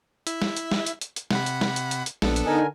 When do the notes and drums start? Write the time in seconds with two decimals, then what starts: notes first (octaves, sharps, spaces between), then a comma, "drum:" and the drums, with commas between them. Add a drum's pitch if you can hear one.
0.27 E4 E5, drum: hi-hat
0.42 drum: snare
0.57 drum: hi-hat
0.72 drum: snare
0.86 drum: hi-hat
1.01 drum: hi-hat
1.16 drum: hi-hat
1.31 C3 F#5 B5, drum: snare
1.46 drum: hi-hat
1.61 drum: snare
1.76 drum: hi-hat
1.91 drum: hi-hat
2.06 drum: hi-hat
2.22 A#1 B3 D4 A4, drum: snare
2.36 drum: hi-hat
2.46 D3 D#4 A#4 G#5